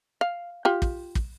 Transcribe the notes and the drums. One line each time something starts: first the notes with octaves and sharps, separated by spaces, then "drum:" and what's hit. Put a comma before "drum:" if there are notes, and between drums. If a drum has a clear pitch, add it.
F5
F4 G4
drum: kick
drum: kick